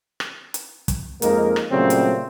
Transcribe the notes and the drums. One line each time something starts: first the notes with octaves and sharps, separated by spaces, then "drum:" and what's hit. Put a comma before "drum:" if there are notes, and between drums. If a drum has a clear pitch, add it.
drum: rim click
drum: hi-hat
drum: kick, hi-hat
F2 G#3 A#3 D#4 A#4, drum: hi-hat
drum: rim click
A#2 C#3 F#3 G3 A3 C4
drum: hi-hat